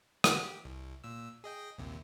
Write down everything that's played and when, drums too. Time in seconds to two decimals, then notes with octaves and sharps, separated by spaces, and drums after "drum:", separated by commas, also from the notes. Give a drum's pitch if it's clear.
0.24 D3 F#4 G4, drum: rim click
0.42 G4
0.65 C2
1.04 A#2 E6
1.44 G#4 D#5 G5
1.78 A#1 D#2 C3